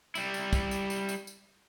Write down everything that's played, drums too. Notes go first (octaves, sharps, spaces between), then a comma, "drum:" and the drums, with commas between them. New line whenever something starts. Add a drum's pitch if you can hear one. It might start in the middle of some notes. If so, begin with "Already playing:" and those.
G3 E4, drum: tambourine
drum: tambourine
drum: kick, tambourine
drum: tambourine
drum: tambourine
drum: tambourine
drum: tambourine